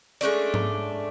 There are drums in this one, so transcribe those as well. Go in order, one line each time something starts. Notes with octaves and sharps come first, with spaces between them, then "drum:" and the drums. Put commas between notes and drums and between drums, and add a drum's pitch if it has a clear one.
G#3 A3 C#4 D4, drum: hi-hat
drum: tom G#2